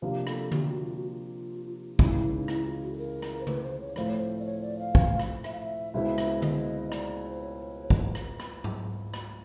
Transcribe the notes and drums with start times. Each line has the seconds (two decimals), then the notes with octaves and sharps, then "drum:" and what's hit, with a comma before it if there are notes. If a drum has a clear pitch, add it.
0.02 C3 F3 A#3 D4 F4 G4
0.27 A4, drum: rim click
0.52 G4, drum: tom D3
0.68 F#4
0.84 F4
0.97 F#4
1.09 F4
1.99 C#2 C#3 E3 G#3 D#4, drum: kick
2.10 F4
2.15 E4
2.32 D#4
2.48 E4, drum: rim click
2.65 F4
2.82 F#4
2.93 A4
2.98 A#4
3.22 drum: rim click
3.41 C5
3.47 B4, drum: tom C#3
3.64 C5
3.80 C#5
3.96 A2 F3 A3 C4 F4 C5, drum: rim click
4.07 C#5
4.17 C5
4.39 D5
4.45 C#5
4.62 D5
4.79 F5
4.95 drum: kick
5.19 drum: rim click
5.44 E5, drum: rim click
5.52 F5
5.61 E5
5.93 C#2 B2 G#3 C4 E4 E5
6.18 drum: rim click
6.42 D#5, drum: tom D3
6.92 D5, drum: rim click
7.29 C5
7.41 C#5
7.90 drum: kick
8.15 drum: rim click
8.40 drum: rim click
8.64 drum: tom G#2
9.14 drum: rim click